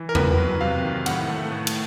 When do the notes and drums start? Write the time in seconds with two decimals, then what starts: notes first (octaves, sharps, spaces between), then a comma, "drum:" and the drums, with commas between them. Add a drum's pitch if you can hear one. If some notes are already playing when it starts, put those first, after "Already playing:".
Already playing: E3
0.09 A#4
0.15 A#3 B4, drum: tom E2
0.38 F#3
0.61 C3 F5
0.83 D#3
1.06 A2 F#5, drum: cymbal
1.29 A3
1.51 A2
1.67 drum: cymbal